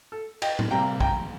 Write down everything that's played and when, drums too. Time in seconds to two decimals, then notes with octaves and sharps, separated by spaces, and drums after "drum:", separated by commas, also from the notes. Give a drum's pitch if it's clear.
0.12 A4
0.42 D#5 G5, drum: cymbal
0.59 drum: tom A2
0.71 C3 G3 A#3 G5 A#5
1.00 G5 A#5, drum: kick